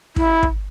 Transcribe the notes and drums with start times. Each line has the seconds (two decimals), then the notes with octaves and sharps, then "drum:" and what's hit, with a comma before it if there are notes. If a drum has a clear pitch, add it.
0.16 E4, drum: kick
0.43 drum: kick